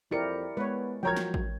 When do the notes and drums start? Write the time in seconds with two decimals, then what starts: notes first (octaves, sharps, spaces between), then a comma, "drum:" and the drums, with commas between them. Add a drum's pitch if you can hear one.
0.11 F2 E4 G4 A#4 D5 C#7
0.57 G#3 B3 B4 C#5
1.03 F3 F#3 A#4 C#5 G5 A#5 G#6
1.16 drum: snare
1.34 drum: kick A1